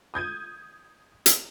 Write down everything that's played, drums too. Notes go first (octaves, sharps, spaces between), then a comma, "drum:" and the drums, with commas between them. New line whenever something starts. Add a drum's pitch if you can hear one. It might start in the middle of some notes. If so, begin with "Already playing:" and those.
D#6 G6 G#6 D#7
drum: hi-hat